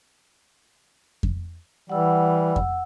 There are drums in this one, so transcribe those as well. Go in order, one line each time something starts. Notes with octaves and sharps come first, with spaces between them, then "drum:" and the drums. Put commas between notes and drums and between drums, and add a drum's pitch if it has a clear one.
drum: kick F2
E3 G3 F#5 E6
drum: kick F2